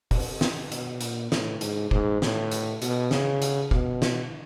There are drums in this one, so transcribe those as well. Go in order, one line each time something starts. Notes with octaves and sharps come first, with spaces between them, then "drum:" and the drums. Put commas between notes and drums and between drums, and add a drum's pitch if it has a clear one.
C3, drum: kick, open hi-hat
drum: snare
B2, drum: hi-hat
A#2, drum: hi-hat
A2, drum: snare
G#2, drum: hi-hat
G#2, drum: kick
A2, drum: snare
drum: hi-hat
B2, drum: hi-hat
C#3, drum: snare
drum: hi-hat
B2, drum: kick
drum: snare